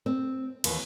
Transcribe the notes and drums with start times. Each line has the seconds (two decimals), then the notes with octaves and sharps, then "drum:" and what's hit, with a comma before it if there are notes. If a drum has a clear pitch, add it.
0.06 C4
0.64 D#2 E3, drum: cymbal